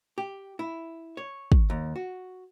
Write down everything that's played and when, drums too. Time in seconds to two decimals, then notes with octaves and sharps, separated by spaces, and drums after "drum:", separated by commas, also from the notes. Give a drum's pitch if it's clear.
0.18 G4
0.59 E4
1.17 C#5
1.52 drum: kick
1.70 D#2
1.96 F#4